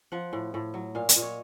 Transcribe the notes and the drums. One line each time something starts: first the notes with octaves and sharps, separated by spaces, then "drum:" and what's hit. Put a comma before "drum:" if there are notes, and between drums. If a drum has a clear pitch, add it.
F3 F#5
A2
A2
F#3
A#2 F5
D#5, drum: hi-hat
A#2
C#5